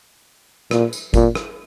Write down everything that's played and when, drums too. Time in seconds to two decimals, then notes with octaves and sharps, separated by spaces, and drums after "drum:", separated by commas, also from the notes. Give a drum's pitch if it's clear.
0.71 A#2, drum: rim click
0.93 drum: tambourine
1.14 A#2, drum: kick, tambourine
1.35 drum: rim click